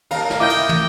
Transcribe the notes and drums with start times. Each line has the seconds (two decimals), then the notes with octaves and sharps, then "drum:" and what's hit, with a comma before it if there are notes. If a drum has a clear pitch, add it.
0.11 D#2 A#4 F5, drum: cymbal
0.30 drum: snare
0.40 E4 F4 D#5 G5 D6 G6
0.50 drum: cymbal
0.69 drum: tom